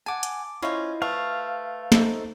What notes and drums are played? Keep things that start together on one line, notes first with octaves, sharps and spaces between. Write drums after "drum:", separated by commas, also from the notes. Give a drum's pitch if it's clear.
F#5 G#5 A5 D6
drum: hi-hat
C#4 E4 F4 C5 D#5
A3 B4 F5
D#4 A4 C5, drum: snare